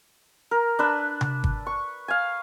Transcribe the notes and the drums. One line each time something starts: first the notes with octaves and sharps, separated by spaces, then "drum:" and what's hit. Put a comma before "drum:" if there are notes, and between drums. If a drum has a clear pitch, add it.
A#4
D4 B4 E6
drum: tom C3
drum: kick
C#6
F5 G#5